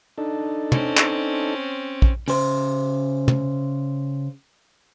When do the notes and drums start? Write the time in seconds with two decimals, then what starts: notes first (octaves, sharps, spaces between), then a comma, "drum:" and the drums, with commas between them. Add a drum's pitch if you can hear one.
0.18 D4 D#4 A4
0.72 C4 C#4, drum: tom
0.97 drum: clap
2.02 drum: kick
2.28 C#3 C5, drum: open hi-hat
3.28 drum: tom